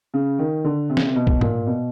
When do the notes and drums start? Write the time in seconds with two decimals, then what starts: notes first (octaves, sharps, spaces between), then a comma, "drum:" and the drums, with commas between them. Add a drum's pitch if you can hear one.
0.14 C#3
0.39 D#3
0.64 D3
0.90 C3
0.97 C#3, drum: snare
1.04 C3
1.16 B2
1.27 drum: kick
1.41 A#2, drum: tom G#2
1.67 B2